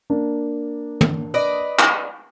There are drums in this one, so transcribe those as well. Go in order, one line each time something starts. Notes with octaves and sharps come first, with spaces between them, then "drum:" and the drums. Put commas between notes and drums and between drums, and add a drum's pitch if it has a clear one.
A#3 D4
drum: tom
B4 D5 D#5
drum: clap